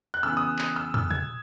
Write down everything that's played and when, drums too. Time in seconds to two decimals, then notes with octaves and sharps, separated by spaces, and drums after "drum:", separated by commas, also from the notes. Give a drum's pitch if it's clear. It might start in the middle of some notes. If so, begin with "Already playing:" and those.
0.14 F#6
0.23 C#3 E3 B3 E6
0.37 D#6
0.59 drum: clap
0.76 E6
0.94 E6, drum: tom
1.11 G#6, drum: tom